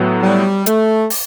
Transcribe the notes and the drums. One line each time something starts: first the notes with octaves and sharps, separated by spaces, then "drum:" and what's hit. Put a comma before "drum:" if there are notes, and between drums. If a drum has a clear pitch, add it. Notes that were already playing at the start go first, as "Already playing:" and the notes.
Already playing: A2 F#3 B3
G3
A3, drum: hi-hat
drum: open hi-hat